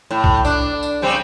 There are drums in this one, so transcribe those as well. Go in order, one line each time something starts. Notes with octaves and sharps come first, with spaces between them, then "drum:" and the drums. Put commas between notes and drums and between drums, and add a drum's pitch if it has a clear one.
A2
drum: kick B1
D4, drum: tambourine
drum: tambourine
C#3 G3 C4